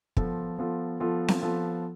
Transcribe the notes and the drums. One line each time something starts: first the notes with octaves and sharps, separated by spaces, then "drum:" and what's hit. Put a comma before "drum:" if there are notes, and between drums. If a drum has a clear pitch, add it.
F3 B3 F4 A4, drum: kick
F3 B3 F4 A4
F3 B3 F4 A4
drum: snare C4
F3 B3 F4 A4